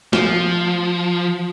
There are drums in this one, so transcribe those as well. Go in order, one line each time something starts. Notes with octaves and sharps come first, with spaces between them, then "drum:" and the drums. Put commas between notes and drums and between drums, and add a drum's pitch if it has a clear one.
F3, drum: snare